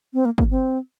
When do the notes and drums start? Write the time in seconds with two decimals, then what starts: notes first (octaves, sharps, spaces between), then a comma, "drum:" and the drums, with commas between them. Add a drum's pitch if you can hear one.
0.14 C4
0.25 A#3
0.38 A#3, drum: kick
0.51 C4